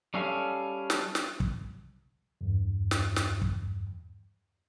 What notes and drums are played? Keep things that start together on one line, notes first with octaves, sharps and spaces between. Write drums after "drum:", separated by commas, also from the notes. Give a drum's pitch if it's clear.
G3 C#4 A4 F5
drum: snare
drum: snare
drum: kick
E2 G2
drum: snare
drum: snare
drum: kick